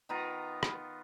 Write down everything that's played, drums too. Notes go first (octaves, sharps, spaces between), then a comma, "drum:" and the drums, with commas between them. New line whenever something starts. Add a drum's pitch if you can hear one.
D#3 B3 F4 A#5
drum: rim click